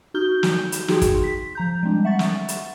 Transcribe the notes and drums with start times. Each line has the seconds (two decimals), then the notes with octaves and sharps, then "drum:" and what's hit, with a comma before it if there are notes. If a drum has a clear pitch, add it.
0.14 D#4 F#4 F6 G6 G7
0.43 drum: snare
0.72 drum: hi-hat
0.88 D#4 F#4 G#4 G5 C6, drum: snare
1.02 drum: kick, hi-hat
1.24 B6
1.55 F3 A#5 G6
1.83 G3 G#3 C4 D4
2.04 E5 F#5 C#6 A6
2.19 drum: snare
2.48 drum: hi-hat